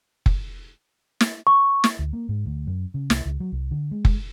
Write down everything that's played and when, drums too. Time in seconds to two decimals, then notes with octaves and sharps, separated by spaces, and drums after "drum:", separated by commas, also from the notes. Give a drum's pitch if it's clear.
0.26 drum: kick F#1
1.21 drum: snare
1.47 C#6
1.84 drum: snare
1.99 D2
2.13 A#3
2.29 G#2
2.46 D2
2.67 F#2
2.94 C#3
3.10 C2, drum: snare
3.26 C#2
3.40 F#3
3.52 C2
3.71 D3
3.91 G#3
4.05 drum: kick F#1